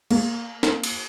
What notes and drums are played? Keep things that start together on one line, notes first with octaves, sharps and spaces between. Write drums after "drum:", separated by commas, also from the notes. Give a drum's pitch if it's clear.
A#3, drum: cymbal
drum: snare
drum: cymbal